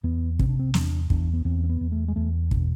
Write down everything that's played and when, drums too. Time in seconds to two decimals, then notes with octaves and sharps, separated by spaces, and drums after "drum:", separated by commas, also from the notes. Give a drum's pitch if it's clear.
0.03 E2 B3
0.39 C3 C4, drum: kick
0.49 D4
0.59 C4
0.74 E2 D4, drum: snare
1.10 E2 D4, drum: kick
1.33 B3
1.45 E2 C4
1.64 C4
1.69 B3
1.81 E2
1.92 A3
2.08 G#3
2.16 E2 A3
2.51 B2 D4, drum: kick